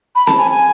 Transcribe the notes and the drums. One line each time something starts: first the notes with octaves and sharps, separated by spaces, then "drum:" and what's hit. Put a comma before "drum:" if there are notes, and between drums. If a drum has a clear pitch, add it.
B5
A5, drum: snare C4
G#5
G#5